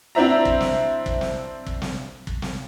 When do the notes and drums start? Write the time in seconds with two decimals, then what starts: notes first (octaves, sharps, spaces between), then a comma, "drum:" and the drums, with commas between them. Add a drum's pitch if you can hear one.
0.15 C4 D4 E4 C5 E5 A#5
0.45 drum: kick
0.60 drum: snare
1.06 drum: kick
1.21 drum: snare
1.66 drum: kick
1.82 drum: snare
2.27 drum: kick
2.42 drum: snare